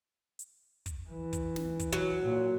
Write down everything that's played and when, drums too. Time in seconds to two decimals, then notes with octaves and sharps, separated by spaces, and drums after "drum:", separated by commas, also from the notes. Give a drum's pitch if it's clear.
0.39 drum: hi-hat
0.86 drum: kick, hi-hat
1.09 E3
1.33 drum: kick, hi-hat
1.56 drum: snare
1.79 drum: kick, hi-hat
1.93 F#3
2.23 A#2